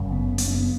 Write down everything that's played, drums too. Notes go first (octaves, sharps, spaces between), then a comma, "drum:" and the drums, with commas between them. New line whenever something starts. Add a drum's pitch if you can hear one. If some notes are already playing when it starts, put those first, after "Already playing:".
Already playing: F#1 F#2 C#3
B3
B3, drum: open hi-hat
C#4
B3